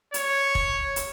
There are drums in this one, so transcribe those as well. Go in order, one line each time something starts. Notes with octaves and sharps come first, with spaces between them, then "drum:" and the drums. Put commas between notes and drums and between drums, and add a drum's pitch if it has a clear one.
C#5, drum: hi-hat
drum: kick
drum: hi-hat